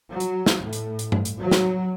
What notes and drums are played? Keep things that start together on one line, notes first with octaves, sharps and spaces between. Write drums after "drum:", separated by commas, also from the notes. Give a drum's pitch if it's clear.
F#3
drum: hi-hat
drum: snare
A2
drum: hi-hat
drum: hi-hat
drum: tom G2
drum: hi-hat
F#3
drum: snare